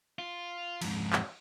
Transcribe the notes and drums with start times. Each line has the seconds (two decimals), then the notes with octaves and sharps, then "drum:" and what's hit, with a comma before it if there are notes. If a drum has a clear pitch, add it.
0.19 F4
0.82 F2 G#2, drum: cymbal
1.13 drum: clap